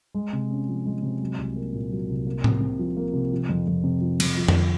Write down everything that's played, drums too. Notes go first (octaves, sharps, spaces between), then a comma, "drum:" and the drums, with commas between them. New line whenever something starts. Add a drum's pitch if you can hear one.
G#3
C3
C#4
F3
G#3
C3
F#3
C2
A#3
A#2
F#3
C2
A#3
C3, drum: tom A2
C3
F3
A#3
C3
F3
F2
F2
C3
F3
F2, drum: cymbal
F3
drum: tom F2